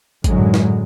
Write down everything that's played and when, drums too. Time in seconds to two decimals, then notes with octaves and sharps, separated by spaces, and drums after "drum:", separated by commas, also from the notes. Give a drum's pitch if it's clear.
0.24 F#2 A2 D3 F#3 G#3, drum: kick G#1, hi-hat
0.54 drum: snare